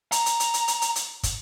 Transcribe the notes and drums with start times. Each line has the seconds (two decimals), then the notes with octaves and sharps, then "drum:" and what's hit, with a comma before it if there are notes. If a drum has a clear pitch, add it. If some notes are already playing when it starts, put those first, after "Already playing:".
0.12 A#5, drum: hi-hat
0.26 drum: hi-hat
0.40 drum: hi-hat
0.54 drum: hi-hat
0.68 drum: hi-hat
0.82 drum: hi-hat
0.96 drum: hi-hat
1.23 drum: kick, hi-hat